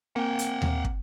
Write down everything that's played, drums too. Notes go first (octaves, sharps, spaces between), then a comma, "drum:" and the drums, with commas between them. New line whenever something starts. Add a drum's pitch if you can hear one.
A#3 C4 F#5 G5
drum: hi-hat
drum: tom D#2
drum: kick